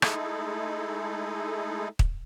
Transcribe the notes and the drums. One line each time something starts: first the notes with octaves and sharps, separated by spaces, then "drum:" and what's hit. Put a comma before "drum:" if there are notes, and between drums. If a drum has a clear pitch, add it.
G#3 A3 D#4 E4 G#4 A4, drum: rim click
drum: kick